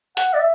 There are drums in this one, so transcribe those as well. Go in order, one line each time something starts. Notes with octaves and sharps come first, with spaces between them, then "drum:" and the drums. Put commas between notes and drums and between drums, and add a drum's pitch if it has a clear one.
F#5, drum: hi-hat
D5
E5